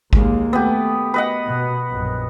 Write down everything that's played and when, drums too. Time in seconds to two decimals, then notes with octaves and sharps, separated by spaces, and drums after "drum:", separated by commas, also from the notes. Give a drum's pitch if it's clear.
0.13 D#2 G#3 A#3, drum: kick G#1
0.53 A3 B3 G4
1.14 B4 D#5 F#5
1.47 B2
1.89 A#1 F#2